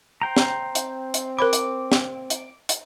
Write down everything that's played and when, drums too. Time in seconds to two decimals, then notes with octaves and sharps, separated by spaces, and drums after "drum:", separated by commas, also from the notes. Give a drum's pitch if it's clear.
0.22 C5 G5 A#5
0.37 drum: snare
0.75 C4, drum: hi-hat
1.14 drum: hi-hat
1.39 A#4 C5 B5 D6
1.53 drum: hi-hat
1.92 drum: snare
2.30 drum: hi-hat
2.69 drum: hi-hat